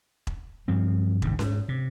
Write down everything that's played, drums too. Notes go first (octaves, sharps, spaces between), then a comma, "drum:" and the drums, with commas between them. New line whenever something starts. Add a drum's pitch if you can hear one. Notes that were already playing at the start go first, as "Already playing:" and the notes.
drum: kick E1
G2 F3 C4
A1 D#2 G#2 C#3, drum: kick E1
G#2, drum: snare C#4
C3